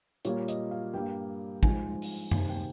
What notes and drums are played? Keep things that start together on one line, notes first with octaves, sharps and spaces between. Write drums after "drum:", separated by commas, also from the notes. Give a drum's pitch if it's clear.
A#2 G3 A#3 C#5, drum: hi-hat
D#5, drum: hi-hat
F5
G2 G3 A#3 G5
G#2 F3 G#3 G#5, drum: kick
drum: open hi-hat
C3 D#3 A#3 G#5, drum: tom F#2
G5